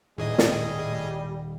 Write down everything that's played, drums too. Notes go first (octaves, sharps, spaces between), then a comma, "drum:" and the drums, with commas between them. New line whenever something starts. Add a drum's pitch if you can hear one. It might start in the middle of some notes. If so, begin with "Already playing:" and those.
D#1 A2 G3 G#4 D#5
drum: snare